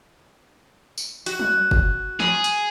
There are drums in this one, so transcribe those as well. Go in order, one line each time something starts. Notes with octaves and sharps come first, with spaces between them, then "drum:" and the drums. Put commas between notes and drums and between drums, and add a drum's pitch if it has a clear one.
drum: tambourine
F#4, drum: hi-hat
drum: tom F#3
drum: kick
G#4, drum: snare
drum: hi-hat